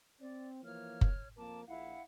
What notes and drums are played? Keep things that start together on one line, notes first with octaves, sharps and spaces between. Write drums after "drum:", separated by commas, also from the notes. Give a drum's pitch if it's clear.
C4 D5
E3 F3 A#3 C#5 F6
drum: kick F#1
F2 A#3 A#4 A5 D6
A#1 E4 F5 F#5